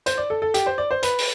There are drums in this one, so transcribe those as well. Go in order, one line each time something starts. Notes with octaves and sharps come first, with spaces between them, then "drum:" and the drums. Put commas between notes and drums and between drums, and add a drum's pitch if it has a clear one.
C5, drum: hi-hat
D5
A4
A4
G4, drum: hi-hat
C5
D5
C5
B4, drum: hi-hat
drum: open hi-hat